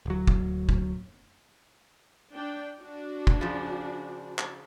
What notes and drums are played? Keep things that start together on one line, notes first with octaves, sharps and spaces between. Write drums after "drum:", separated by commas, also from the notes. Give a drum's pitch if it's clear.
D1 F#3
drum: kick
drum: kick
D4 G5
D4 F#4
drum: kick
C#3 F3
drum: clap